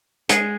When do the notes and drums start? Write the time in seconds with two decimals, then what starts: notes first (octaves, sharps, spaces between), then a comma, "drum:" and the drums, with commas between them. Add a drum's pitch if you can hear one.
0.29 G#3 G#4, drum: hi-hat